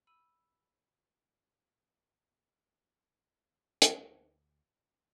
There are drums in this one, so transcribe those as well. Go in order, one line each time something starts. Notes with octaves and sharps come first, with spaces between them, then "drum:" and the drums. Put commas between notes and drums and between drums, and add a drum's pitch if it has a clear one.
B5 E6 D#7
D2, drum: hi-hat